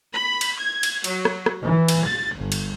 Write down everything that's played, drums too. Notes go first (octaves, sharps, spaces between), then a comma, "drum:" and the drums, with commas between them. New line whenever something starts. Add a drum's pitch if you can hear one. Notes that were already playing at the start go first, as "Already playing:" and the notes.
B5
drum: cymbal
G#6
drum: cymbal
F#3, drum: cymbal
drum: rim click
drum: rim click
E3
drum: cymbal
A6
G1
drum: cymbal